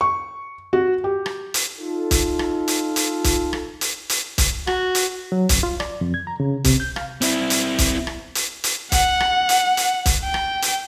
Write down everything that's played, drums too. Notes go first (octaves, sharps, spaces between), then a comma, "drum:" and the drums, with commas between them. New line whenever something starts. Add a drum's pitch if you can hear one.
C#6
F#4
G4
drum: rim click
drum: hi-hat
D#4 F4 A4
drum: kick, hi-hat
drum: rim click
drum: hi-hat
drum: hi-hat
drum: kick, hi-hat
drum: rim click
drum: hi-hat
drum: hi-hat
drum: kick, hi-hat
F#4, drum: rim click
drum: hi-hat
F#3
F#2, drum: kick, hi-hat
F4
D5, drum: rim click
F2
G#6
A#5
C#3
C3, drum: kick, hi-hat
G6
F5, drum: rim click
C4 E4, drum: hi-hat
drum: hi-hat
drum: kick, hi-hat
drum: rim click
drum: hi-hat
drum: hi-hat
F#5, drum: kick, hi-hat
drum: rim click
drum: hi-hat
drum: hi-hat
drum: kick, hi-hat
G5
drum: rim click
drum: hi-hat